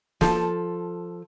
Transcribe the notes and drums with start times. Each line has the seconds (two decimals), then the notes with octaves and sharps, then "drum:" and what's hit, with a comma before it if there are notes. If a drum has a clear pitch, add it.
0.21 F3 A4, drum: snare